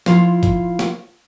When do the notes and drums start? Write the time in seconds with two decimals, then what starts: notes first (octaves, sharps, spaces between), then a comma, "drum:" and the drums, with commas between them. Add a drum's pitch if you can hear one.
0.06 F3 E4 F4 F5, drum: snare
0.43 drum: kick F1, hi-hat
0.79 drum: snare